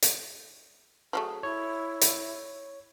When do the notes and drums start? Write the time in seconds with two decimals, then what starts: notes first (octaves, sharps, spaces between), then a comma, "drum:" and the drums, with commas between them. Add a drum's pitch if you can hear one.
0.02 drum: hi-hat
1.13 F3 F#3 A3 G#4
1.43 E4 C#5
2.01 drum: hi-hat